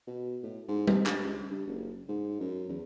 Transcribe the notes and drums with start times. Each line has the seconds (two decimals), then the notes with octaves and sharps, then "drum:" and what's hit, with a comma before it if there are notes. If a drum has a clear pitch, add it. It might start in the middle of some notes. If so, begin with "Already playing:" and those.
0.07 B2
0.43 A2
0.68 G#2
0.87 C3, drum: tom G3
1.06 G2, drum: clap
1.23 C#2
1.49 G2
1.67 F#1
2.08 G#2
2.40 F#2
2.69 E2